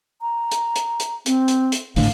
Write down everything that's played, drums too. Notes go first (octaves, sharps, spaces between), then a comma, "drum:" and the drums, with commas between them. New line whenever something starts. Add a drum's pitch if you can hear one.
A#5
drum: hi-hat
drum: hi-hat
drum: hi-hat
C4, drum: hi-hat
drum: hi-hat
drum: hi-hat
G#1 A2 D3 F5, drum: open hi-hat